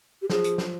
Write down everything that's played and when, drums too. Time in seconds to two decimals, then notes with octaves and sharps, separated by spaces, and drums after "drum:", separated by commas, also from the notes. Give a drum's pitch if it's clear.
0.22 G4
0.30 F3 G#4, drum: snare
0.44 drum: hi-hat
0.58 drum: snare